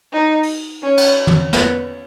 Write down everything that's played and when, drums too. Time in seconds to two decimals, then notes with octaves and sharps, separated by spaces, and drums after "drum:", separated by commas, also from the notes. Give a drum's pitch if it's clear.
0.13 D#4
0.43 drum: open hi-hat
0.83 C#4
0.97 drum: cymbal
1.27 drum: tom
1.53 B3, drum: snare